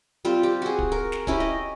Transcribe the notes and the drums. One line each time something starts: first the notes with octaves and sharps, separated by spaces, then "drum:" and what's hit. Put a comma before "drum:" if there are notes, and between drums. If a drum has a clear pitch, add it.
G3 C4 F4
G4
F#4 G#4
drum: kick
A#4
drum: snare
C#4 E4 G4, drum: kick
D#5